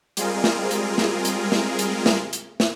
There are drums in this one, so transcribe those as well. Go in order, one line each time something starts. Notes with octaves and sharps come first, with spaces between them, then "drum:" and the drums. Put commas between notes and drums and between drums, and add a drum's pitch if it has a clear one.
G3 G#3 C4 F4 G#4 A#4, drum: hi-hat
drum: snare
drum: hi-hat
drum: snare
drum: hi-hat
drum: snare
drum: hi-hat
drum: snare
drum: hi-hat
drum: snare